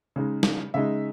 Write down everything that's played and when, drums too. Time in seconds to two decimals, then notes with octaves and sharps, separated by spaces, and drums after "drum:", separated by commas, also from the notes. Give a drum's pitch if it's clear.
0.16 C#3 G#3 D#4
0.43 drum: snare
0.74 C#3 G#3 D#4 E5